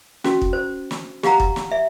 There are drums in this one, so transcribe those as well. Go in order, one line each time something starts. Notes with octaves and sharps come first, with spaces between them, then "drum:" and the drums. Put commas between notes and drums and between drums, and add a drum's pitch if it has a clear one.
C#4 F#4, drum: snare
drum: kick
C5
drum: snare
G4 F5 F#5 A#5, drum: snare
drum: kick
drum: snare
E5